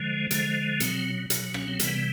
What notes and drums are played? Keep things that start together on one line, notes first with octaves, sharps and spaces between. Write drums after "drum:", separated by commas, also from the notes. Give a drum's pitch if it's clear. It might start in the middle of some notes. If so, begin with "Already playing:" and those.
Already playing: D3 F3 G#3
D3 F3 G#3, drum: hi-hat
B2 F#3 C4, drum: hi-hat
B2 F#3, drum: hi-hat
C#4, drum: rim click
C4
C3 E3 G3 B3, drum: hi-hat